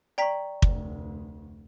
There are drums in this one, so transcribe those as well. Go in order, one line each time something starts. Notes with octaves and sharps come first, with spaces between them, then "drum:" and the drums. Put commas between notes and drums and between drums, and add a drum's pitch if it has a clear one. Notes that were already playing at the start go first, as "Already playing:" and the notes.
D5 G5 A#5 C#6 B6
F1 D2, drum: kick